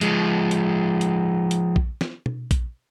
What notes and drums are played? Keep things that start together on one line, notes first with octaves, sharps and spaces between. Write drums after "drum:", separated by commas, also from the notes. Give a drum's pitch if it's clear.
F3 G#3, drum: hi-hat
drum: hi-hat
drum: hi-hat
drum: hi-hat
drum: kick A#1
drum: snare
drum: tom B2
drum: kick A#1, hi-hat